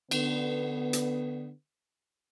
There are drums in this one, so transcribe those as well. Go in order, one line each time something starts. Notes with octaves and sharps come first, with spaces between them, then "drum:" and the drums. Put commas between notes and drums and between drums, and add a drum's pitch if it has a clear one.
D3 B3, drum: cymbal
drum: hi-hat